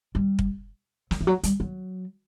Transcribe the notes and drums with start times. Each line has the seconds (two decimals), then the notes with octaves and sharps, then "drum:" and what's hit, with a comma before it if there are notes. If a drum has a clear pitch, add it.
0.15 G3
0.39 drum: kick
1.11 F#3, drum: snare
1.21 E3
1.27 F#3
1.43 G3, drum: hi-hat
1.60 F#3